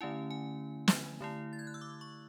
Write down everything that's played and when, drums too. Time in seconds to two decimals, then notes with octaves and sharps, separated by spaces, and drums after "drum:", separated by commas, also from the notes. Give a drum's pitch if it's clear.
0.01 D3 A3 C#4 E4 G#5
0.31 G#5
0.88 drum: snare
1.21 D3 A3 E4
1.53 A6
1.59 G#6
1.67 F#6
1.74 E6
1.81 D6
2.01 C#6